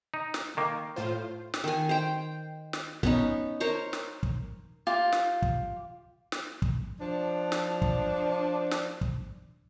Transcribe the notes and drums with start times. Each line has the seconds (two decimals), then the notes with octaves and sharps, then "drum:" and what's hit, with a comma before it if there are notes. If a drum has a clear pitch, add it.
0.14 D#4
0.34 drum: snare
0.57 D#3 A#3
0.96 A2 F4 C5
1.54 drum: snare
1.64 D#3 G#5
1.89 C5 G5
2.73 drum: snare
3.03 B3 C#4 D#4, drum: kick
3.60 A#4 C5 C#5
3.93 drum: snare
4.23 drum: kick
4.87 F4 G4
5.12 drum: snare
5.42 drum: kick
6.32 drum: snare
6.62 drum: kick
7.00 F3 D4
7.52 drum: snare
7.82 drum: kick
8.71 drum: snare
9.01 drum: kick